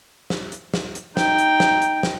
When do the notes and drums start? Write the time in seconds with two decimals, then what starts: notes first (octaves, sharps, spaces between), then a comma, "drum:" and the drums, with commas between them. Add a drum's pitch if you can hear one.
0.30 drum: snare
0.52 drum: hi-hat
0.74 drum: snare
0.95 drum: hi-hat
1.17 D#4 G5, drum: snare
1.38 drum: hi-hat
1.60 drum: snare
1.82 drum: hi-hat
2.03 drum: snare